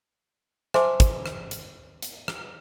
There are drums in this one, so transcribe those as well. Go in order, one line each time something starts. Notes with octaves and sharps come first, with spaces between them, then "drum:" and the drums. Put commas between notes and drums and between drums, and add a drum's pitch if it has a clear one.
C5 E5 G#5 A5 C6 D6, drum: rim click
drum: kick, hi-hat
drum: rim click
drum: hi-hat
drum: hi-hat
drum: rim click